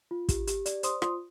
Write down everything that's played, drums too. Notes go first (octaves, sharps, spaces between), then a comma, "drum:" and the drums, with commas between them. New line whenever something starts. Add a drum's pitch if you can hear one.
F4
G4, drum: kick, hi-hat
G4, drum: hi-hat
D5, drum: hi-hat
C5 C6 D#6, drum: hi-hat
F4 C6 D#6, drum: rim click